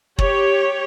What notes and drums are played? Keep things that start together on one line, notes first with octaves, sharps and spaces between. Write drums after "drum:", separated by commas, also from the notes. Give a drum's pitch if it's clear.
G4 C#5, drum: kick